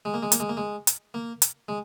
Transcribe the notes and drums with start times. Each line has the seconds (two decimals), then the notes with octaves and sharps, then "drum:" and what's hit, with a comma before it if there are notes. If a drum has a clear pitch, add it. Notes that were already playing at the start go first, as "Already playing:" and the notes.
0.05 G#3
0.14 A#3
0.23 G#3
0.32 A#3, drum: hi-hat
0.40 G#3
0.49 A#3
0.57 G#3
0.87 drum: hi-hat
1.14 A#3
1.42 drum: hi-hat
1.69 G#3